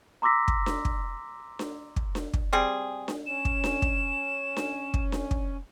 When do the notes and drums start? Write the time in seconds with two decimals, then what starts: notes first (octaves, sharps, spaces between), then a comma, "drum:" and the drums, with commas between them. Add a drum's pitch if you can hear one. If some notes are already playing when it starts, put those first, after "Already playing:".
0.22 A#5 C6 D6 E6 A#6 B6
0.48 drum: kick
0.66 drum: snare D4
0.85 drum: kick
1.59 drum: snare D4
1.96 drum: kick
2.15 drum: snare D4
2.34 drum: kick
2.53 G3 C4 G#4
3.08 drum: snare D4
3.26 C#4 E7
3.45 drum: kick
3.64 drum: snare D4
3.82 drum: kick
4.57 drum: snare D4
4.94 drum: kick
5.12 drum: snare D4
5.31 drum: kick